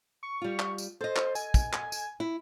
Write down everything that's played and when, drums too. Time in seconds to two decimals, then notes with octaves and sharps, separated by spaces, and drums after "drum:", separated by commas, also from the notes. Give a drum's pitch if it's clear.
0.23 C#6
0.42 G3 F4
0.59 drum: clap
0.78 drum: tambourine
1.01 A4 C5 D#5
1.16 drum: clap
1.35 G#5, drum: tambourine
1.54 drum: kick, tambourine
1.73 drum: clap
1.92 drum: tambourine
2.20 E4